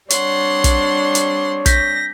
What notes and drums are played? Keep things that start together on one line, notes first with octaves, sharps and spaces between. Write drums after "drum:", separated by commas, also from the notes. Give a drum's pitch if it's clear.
G3 C4 D4 C#5 F#5 C6, drum: hi-hat
drum: kick, hi-hat
drum: hi-hat
G6 A#6 B6, drum: kick, hi-hat